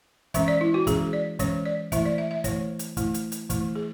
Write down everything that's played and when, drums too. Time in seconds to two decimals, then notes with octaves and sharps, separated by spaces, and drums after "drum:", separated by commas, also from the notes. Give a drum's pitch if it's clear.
0.34 E3 G#3 C#4 E5, drum: kick, hi-hat
0.48 D5
0.61 E4
0.74 F#4
0.87 E3 G#3 C#4 G#4, drum: kick, hi-hat
1.13 D5
1.39 E3 G#3 C#4 C#5, drum: kick, hi-hat
1.66 D5
1.92 E3 A3 E4 E5, drum: kick, hi-hat
2.06 D5
2.18 E5
2.31 E5
2.44 E3 A3 E4 C#5, drum: kick, hi-hat
2.79 drum: hi-hat
2.97 E3 A3 E4, drum: kick, hi-hat
3.14 drum: hi-hat
3.32 drum: hi-hat
3.50 E3 A3 E4, drum: kick, hi-hat
3.76 G#4